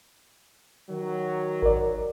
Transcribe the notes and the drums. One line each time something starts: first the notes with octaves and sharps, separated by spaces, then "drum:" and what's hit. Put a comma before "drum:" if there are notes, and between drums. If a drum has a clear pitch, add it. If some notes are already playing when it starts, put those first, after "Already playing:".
D#3 F#3
A#4 D5, drum: kick G#1